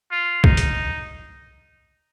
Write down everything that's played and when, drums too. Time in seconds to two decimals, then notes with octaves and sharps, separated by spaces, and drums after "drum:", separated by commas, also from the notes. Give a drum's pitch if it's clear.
0.11 F4
0.44 D#4, drum: kick
0.57 drum: hi-hat